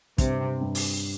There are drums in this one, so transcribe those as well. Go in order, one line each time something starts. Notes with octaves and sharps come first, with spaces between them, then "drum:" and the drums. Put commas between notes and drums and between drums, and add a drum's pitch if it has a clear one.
G2 C3, drum: kick, hi-hat
G2
drum: open hi-hat